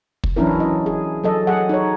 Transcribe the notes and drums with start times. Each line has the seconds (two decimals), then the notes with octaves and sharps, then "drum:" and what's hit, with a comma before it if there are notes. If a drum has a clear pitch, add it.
0.24 drum: kick
0.36 E3 F#3 C#4 D4 E4 A#4
0.60 D#5
0.86 G#4
1.24 F#3 A4 D#5
1.47 F#3 G#4 F#5
1.69 D#4 C#5